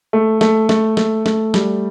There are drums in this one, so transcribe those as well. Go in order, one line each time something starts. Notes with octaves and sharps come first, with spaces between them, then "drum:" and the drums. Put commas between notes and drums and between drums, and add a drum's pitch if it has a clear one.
A3
A3, drum: snare
A3, drum: snare
A3, drum: snare
A3, drum: snare
G3, drum: snare